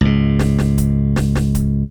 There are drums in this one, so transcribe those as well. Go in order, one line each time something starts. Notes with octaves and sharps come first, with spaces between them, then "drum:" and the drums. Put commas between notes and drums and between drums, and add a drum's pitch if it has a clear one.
C#2 G#2
drum: snare
drum: snare
drum: kick D1, hi-hat
drum: snare
drum: snare
drum: kick D1, hi-hat